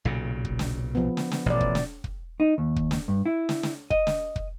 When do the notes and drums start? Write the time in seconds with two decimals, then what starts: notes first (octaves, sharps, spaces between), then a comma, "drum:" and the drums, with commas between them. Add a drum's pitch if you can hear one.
0.05 B1 A#2 C#3
0.45 drum: kick
0.59 drum: snare
0.95 F3 B3
1.17 drum: snare
1.32 drum: snare
1.46 A1 B2 D5
1.60 drum: kick
1.75 drum: snare
2.04 drum: kick
2.40 D#4
2.58 D#2
2.76 drum: kick
2.91 drum: snare
3.08 G2
3.26 E4
3.49 drum: snare
3.63 drum: snare
3.90 D#5, drum: kick
4.07 drum: snare
4.36 drum: kick